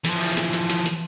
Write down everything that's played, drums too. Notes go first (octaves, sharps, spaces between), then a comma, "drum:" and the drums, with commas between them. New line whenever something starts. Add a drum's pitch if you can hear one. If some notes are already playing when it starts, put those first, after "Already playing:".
E3 F3, drum: hi-hat
drum: open hi-hat
drum: hi-hat
drum: hi-hat
drum: hi-hat
drum: hi-hat